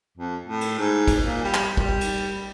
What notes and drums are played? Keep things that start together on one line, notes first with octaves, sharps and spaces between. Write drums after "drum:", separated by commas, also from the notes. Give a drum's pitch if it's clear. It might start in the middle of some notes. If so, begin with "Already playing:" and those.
F2
A2
drum: cymbal
G#2
drum: kick, cymbal
A#2
G3
drum: clap
G3, drum: kick
drum: cymbal